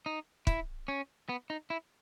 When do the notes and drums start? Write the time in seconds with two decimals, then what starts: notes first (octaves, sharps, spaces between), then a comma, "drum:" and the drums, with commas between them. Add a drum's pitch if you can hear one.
0.06 D#4
0.47 E4, drum: kick
0.88 C#4
1.29 B3
1.50 D#4
1.70 E4